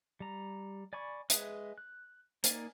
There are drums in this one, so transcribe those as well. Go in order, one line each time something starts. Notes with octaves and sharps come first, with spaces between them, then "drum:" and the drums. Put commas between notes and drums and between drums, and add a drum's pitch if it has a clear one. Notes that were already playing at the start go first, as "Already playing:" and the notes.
G3 A#5
D5 G#5 B5 C#6
G#3 G#4 B4 E5, drum: hi-hat
F#6
A#3 D#4 A#4 D5 G#5, drum: hi-hat